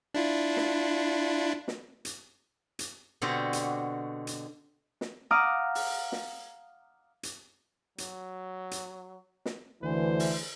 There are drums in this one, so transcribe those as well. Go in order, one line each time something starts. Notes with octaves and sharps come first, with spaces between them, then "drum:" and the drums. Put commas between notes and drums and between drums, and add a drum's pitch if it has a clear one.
D4 E4 F4
drum: snare
drum: snare
drum: hi-hat
drum: hi-hat
B2 D3 C4 F#4 G4
drum: hi-hat
drum: hi-hat
drum: snare
F5 F#5 A#5 D6 D#6 F6
drum: open hi-hat
drum: snare
drum: hi-hat
F#3, drum: hi-hat
drum: hi-hat
drum: snare
D2 D3 E3 C5
drum: open hi-hat